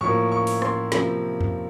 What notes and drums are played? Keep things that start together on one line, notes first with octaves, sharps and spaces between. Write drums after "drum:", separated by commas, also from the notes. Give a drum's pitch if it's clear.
A2 F3 A#3 C#6
C#6
drum: open hi-hat
C6, drum: rim click
C3 F3 A#3 B5, drum: snare
drum: tom F2